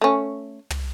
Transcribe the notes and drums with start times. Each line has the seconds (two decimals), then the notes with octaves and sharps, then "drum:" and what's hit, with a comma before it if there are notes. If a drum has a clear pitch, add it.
0.01 A3 C#4
0.70 drum: tom